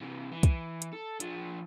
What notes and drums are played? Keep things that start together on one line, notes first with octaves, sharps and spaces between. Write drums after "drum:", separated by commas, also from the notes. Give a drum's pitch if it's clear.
C3 E3
E3
drum: kick, hi-hat
drum: hi-hat
A4
F3 D4, drum: hi-hat